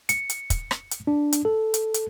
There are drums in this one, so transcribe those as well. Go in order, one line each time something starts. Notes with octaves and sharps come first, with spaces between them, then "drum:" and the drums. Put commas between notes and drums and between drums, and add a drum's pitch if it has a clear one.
C#7, drum: hi-hat
drum: hi-hat
drum: kick, hi-hat
drum: rim click
drum: hi-hat
D4
drum: hi-hat
A4
drum: hi-hat
drum: hi-hat